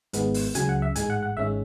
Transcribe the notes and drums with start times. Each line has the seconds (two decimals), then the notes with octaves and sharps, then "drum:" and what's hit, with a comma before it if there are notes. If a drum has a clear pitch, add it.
0.13 G#1 G#2 G#3 B3, drum: hi-hat
0.34 drum: open hi-hat
0.55 C#2 C#3 F#3 G#5, drum: hi-hat
0.69 F#5
0.82 E5
0.95 A1 G#2 G#3 G#5, drum: hi-hat
1.10 F#5
1.23 F#5
1.37 G#1 G#2 G#3 C#4 E5